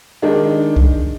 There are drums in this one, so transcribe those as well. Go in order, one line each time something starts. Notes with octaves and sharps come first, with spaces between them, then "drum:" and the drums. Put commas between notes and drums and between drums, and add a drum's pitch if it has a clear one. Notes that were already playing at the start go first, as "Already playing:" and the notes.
D#3 G#3 D4 D#4
drum: kick C2